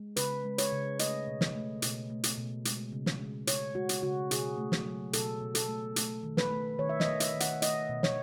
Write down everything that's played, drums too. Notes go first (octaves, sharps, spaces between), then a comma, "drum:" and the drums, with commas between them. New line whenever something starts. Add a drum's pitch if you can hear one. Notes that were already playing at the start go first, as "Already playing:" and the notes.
Already playing: G#3
C#3 B4, drum: hi-hat
G#3
C#5, drum: hi-hat
C#3
A3 D#5, drum: hi-hat
B2
drum: snare
A3
B2, drum: hi-hat
A3
drum: hi-hat
B2
G#3, drum: hi-hat
C#3
drum: snare
G#3
C#3 C#5, drum: hi-hat
G#3 F#4
drum: hi-hat
C#3 F#4
B2 G#4, drum: hi-hat
A3
drum: snare
F#3
B2 A4, drum: hi-hat
B2
A4, drum: hi-hat
A3
A3, drum: hi-hat
D#3
B4, drum: snare
A3
D#3 C#5
E5
D#5, drum: snare
A3
E5, drum: hi-hat
D#3
F#5, drum: hi-hat
A3 D#5, drum: hi-hat
B2
C#5, drum: snare